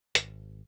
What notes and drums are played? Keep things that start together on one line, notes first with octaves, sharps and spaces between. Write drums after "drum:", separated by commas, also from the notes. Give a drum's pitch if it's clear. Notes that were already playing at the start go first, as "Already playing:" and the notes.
G#1, drum: hi-hat